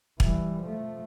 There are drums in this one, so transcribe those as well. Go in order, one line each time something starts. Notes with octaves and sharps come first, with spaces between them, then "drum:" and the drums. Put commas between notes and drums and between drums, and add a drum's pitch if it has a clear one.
E3 G3, drum: kick
F3 A3